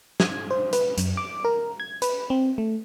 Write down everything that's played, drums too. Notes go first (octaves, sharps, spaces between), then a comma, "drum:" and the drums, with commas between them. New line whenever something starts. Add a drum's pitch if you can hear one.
G#6, drum: snare
C5
B4, drum: hi-hat
F#2, drum: hi-hat
D6
A#4
G#6
B4, drum: hi-hat
C4
A3